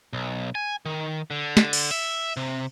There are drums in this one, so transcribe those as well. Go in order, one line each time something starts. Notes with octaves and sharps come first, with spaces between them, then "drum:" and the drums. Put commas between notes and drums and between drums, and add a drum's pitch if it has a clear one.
B1
G#5
D#3
D3
drum: snare
drum: cymbal
E5
C3